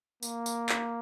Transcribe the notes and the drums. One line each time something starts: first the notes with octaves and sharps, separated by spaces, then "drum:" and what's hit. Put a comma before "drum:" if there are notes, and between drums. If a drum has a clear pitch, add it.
A#3, drum: tambourine
drum: tambourine
drum: clap